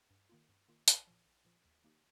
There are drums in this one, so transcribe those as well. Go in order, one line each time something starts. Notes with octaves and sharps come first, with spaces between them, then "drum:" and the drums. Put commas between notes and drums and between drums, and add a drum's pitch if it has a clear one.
G2
D#3 A#3 F4
G2
D#3 A#3 F4
A#1, drum: hi-hat
A#2 F3
A#1
A#2 F3
D#2
D#3 A#3 D#4 G4